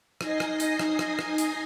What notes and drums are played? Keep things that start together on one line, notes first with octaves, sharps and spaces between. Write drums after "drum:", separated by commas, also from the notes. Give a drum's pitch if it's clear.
D#4 D#5 G#5 A#6 C7, drum: rim click
drum: rim click
drum: hi-hat
drum: rim click
drum: rim click
drum: rim click
drum: hi-hat